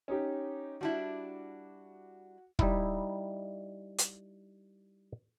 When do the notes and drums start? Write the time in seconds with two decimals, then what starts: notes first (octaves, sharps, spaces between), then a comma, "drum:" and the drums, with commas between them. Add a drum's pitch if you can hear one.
0.08 C#4 D#4 G4
0.81 G3 D4 E4 F#4
2.59 G3 D#4 E4, drum: kick
3.98 drum: hi-hat